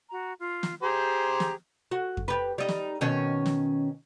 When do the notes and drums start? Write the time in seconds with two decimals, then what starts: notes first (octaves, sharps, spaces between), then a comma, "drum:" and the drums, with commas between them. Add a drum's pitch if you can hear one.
0.10 F#4 A#5
0.40 F4
0.63 drum: snare
0.83 G4 G#4 C5 A#5
1.40 drum: snare
1.91 F#4
2.17 drum: kick F2
2.28 G4 B4
2.58 G3 D#4
2.69 drum: snare
3.01 B2 D#3 C#4
3.46 drum: snare